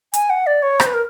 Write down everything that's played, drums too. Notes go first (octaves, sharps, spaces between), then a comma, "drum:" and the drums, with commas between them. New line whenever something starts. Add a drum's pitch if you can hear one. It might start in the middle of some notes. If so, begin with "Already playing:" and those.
G#5, drum: hi-hat
F#5
D5
C#5
C5, drum: rim click
B4
A#4